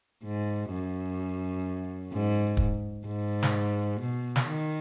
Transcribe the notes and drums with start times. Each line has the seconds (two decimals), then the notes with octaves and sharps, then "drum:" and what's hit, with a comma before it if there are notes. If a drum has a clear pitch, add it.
0.24 G#2
0.71 F#2
2.13 G#2
2.57 drum: kick
3.06 G#2
3.43 drum: snare
4.01 B2
4.36 drum: snare
4.48 D#3